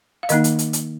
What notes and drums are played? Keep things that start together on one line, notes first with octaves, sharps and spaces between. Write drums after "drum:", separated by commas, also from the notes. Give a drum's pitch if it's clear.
F5
D#3 A#3 D#4 D#5, drum: hi-hat
drum: hi-hat
drum: hi-hat
drum: hi-hat